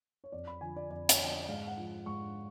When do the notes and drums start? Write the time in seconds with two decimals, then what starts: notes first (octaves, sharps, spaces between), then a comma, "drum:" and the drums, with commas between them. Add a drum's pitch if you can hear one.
0.24 C#5
0.32 F2 D5
0.47 B5
0.61 D3 F3 G#5
0.76 D5
0.90 F2 D5
1.09 C#5, drum: hi-hat
1.19 D3 F3
1.29 D5
1.43 D5
1.48 G#2 F5
1.67 F#5
1.77 F3
2.06 G#2 C#6